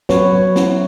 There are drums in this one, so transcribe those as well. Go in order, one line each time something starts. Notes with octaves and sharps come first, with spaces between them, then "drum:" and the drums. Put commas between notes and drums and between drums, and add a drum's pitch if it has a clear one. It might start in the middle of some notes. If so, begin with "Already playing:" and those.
F#3 B4 C#5, drum: snare
F#3
E4, drum: snare